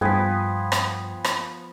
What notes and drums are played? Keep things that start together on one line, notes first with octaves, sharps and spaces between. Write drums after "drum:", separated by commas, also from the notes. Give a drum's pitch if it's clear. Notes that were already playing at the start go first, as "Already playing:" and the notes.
G2 F3 B3 G5 G#5 B6
drum: rim click
drum: rim click